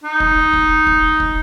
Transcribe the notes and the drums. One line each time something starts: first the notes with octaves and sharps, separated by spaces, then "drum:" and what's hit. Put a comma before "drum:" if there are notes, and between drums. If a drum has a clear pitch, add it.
D#4
drum: kick
drum: kick
drum: kick
drum: kick